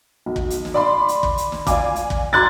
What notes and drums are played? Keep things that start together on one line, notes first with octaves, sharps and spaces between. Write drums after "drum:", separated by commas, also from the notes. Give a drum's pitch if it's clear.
B1
drum: kick
drum: hi-hat
drum: snare
D5 B5 C6
drum: hi-hat
drum: kick
drum: hi-hat
drum: snare
D5 F5 G#5 D6, drum: kick, hi-hat
drum: hi-hat
drum: kick
A#5 C6 D6 F#6 G#6 A6